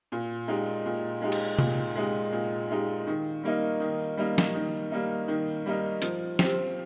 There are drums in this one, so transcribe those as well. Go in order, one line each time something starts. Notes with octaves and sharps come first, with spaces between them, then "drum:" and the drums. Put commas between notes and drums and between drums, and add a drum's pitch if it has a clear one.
A#2
G#3 D#4 G4
A#2
G#3 D#4 G4
drum: cymbal
A#2, drum: tom C3
G#3 D#4 G4
A#2
G#3 D#4 G4
D#3
G3 A#3 D#4
D#3
G3 A#3 D#4
drum: snare
D#3
G3 A#3 D#4
D#3
G3 A#3 D#4
F3, drum: hi-hat
C4 G4, drum: snare